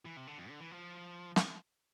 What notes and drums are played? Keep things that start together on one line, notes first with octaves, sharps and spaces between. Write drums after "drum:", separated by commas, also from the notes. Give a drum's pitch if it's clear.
E3
C3
D3
F2
D3
E3
F3
drum: snare